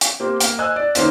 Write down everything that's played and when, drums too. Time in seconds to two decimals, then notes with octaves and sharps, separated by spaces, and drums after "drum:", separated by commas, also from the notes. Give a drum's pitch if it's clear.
0.01 drum: hi-hat
0.20 A#3 C4 G4
0.40 A#3, drum: hi-hat
0.58 C5 D#5 G#5 E6 F#6
0.76 D5
0.95 D#3 A#3 C4 C#4, drum: hi-hat